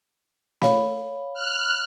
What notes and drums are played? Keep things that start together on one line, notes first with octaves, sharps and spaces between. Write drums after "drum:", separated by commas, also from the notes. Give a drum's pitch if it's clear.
C#5 F5 B5, drum: snare
F6 F#6